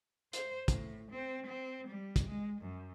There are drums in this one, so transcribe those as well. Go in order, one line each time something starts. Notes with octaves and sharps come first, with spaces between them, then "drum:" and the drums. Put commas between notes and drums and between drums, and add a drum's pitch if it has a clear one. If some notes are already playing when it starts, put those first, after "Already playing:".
C5, drum: hi-hat
A2, drum: kick, hi-hat
C4
C4
G3
drum: kick, hi-hat
G#3
F#2